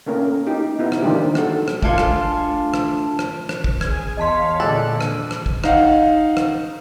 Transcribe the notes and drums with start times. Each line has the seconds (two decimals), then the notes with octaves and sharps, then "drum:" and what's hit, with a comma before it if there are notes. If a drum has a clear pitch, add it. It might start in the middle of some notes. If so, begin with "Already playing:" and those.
0.07 A3 A#3 C#4 A#4
0.47 D#4 G4
0.79 B3 D#4 E4
0.92 drum: rim click
1.02 D#3 F3 G3 A#3 D4 G4
1.35 F#4 A4, drum: rim click
1.68 drum: rim click
1.83 A3 D4 F4 A4 F5 G#5, drum: kick
1.98 drum: rim click
2.74 drum: rim click
3.19 drum: rim click
3.49 drum: rim click
3.64 drum: kick
3.81 G#4 G#5 G#6, drum: rim click
4.17 E2 C#5 D#5 F5 A5 C6 B6
4.60 A#2 D3 G#3 A4 D5 F#6
5.01 drum: rim click
5.31 drum: rim click
5.46 drum: kick
5.64 D#4 F5 F#5, drum: rim click
6.37 drum: rim click